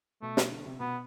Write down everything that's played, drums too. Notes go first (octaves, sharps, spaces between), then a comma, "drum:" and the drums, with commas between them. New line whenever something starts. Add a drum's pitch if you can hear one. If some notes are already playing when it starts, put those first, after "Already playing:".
B2 A3
B2, drum: snare
D3
C3
B2 B3